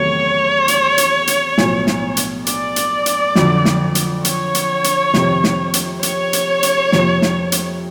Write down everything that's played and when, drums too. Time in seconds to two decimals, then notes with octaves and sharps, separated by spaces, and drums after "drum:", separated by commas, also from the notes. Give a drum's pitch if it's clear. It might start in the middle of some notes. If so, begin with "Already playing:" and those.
Already playing: E2 C3 D#3 F#3 A3 C#5
0.68 drum: hi-hat
0.98 drum: hi-hat
1.27 drum: hi-hat
1.58 B1 A2 F3, drum: snare
1.87 drum: snare
2.17 drum: hi-hat
2.47 D5, drum: hi-hat
2.76 drum: hi-hat
3.06 drum: hi-hat
3.35 F2 D3 F#3, drum: snare
3.65 drum: snare
3.95 drum: hi-hat
4.25 C#5, drum: hi-hat
4.55 drum: hi-hat
4.84 drum: hi-hat
5.14 F2 C3 D#3, drum: snare
5.44 drum: snare
5.74 drum: hi-hat
6.03 C#5, drum: hi-hat
6.33 drum: hi-hat
6.63 drum: hi-hat
6.92 F2 C3 F3 A#3, drum: snare
7.22 drum: snare
7.52 drum: hi-hat